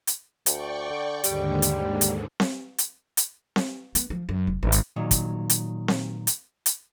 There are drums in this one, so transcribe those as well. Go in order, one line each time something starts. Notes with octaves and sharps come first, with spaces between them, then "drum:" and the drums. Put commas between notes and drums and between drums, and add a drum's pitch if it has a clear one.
drum: hi-hat
D2 D5 G5 C#6, drum: hi-hat
D3
D#2 G#2 D3 G3, drum: hi-hat
drum: hi-hat
drum: hi-hat
drum: snare C4
drum: hi-hat
drum: hi-hat
drum: snare C4
B3, drum: hi-hat
F3
F#2
F1
G#1
drum: hi-hat
A#2 D#3 F#3
drum: kick, hi-hat
drum: hi-hat
drum: snare C4
drum: hi-hat
drum: hi-hat